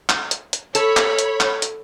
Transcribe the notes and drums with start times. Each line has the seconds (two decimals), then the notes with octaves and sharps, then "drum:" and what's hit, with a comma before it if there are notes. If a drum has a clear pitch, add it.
0.09 drum: clap
0.31 drum: hi-hat
0.53 drum: hi-hat
0.75 A4 C#5 B5, drum: hi-hat
0.97 drum: clap
1.19 drum: hi-hat
1.40 drum: clap
1.62 drum: hi-hat